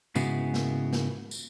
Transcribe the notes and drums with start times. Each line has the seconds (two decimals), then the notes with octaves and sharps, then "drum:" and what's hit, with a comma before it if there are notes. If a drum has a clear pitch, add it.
0.15 G#2 C#3 B3 E4 F#4 G#4, drum: tambourine
0.54 drum: snare
0.93 drum: snare
1.31 drum: tambourine